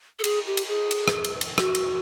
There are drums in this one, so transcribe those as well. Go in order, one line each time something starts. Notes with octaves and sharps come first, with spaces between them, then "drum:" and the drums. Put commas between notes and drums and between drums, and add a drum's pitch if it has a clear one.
A4
G#4, drum: cymbal
G4
drum: cymbal
G#4
drum: cymbal
drum: rim click
drum: cymbal
drum: cymbal
F#4, drum: rim click
drum: cymbal